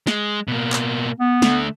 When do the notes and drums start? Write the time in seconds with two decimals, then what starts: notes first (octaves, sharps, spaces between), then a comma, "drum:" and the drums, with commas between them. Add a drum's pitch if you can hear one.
0.07 G#3, drum: snare
0.48 B2 A#3
0.73 drum: clap
1.20 B3
1.42 D3 A3, drum: snare